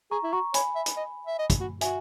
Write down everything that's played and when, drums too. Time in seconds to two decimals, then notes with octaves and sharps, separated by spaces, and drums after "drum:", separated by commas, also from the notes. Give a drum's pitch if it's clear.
0.11 G#4 A#5 C#6
0.23 E4
0.33 F#4 A#5 C#6
0.54 C#5 G#5 B5, drum: hi-hat
0.75 E5
0.86 drum: hi-hat
0.97 D#5
1.27 E5
1.39 D#5
1.50 drum: kick, hi-hat
1.60 F#4
1.81 F#4 E5 G#5, drum: hi-hat